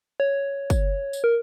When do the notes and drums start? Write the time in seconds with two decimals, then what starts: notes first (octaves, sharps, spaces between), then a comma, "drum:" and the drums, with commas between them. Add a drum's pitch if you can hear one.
0.20 C#5
0.70 drum: kick, tambourine
1.13 drum: tambourine
1.24 A#4